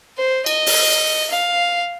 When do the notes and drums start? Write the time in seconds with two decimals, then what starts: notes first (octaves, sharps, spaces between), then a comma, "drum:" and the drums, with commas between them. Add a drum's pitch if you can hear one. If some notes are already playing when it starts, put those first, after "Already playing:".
0.18 C5
0.46 D#5, drum: cymbal
0.66 drum: open hi-hat
1.31 F5